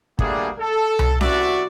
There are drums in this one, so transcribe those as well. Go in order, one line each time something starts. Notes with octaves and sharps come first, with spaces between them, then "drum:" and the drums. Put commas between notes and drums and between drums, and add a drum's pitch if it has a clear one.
G3 A3 A#3 D4 F#4 G#4, drum: kick
A4
drum: tom C2
C2 F#4 D5 E5, drum: snare C#4